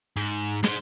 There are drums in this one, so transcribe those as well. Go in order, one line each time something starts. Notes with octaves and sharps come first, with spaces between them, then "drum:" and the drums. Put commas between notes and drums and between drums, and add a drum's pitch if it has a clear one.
G#2
G#3 C5, drum: snare